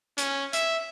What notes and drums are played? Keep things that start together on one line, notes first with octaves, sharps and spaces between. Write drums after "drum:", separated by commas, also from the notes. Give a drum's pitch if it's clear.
C#4, drum: hi-hat
E5, drum: hi-hat